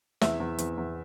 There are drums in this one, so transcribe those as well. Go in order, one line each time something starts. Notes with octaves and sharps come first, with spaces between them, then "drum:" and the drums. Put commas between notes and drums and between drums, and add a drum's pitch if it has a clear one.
E2 E5, drum: snare
E2
E2, drum: hi-hat
E2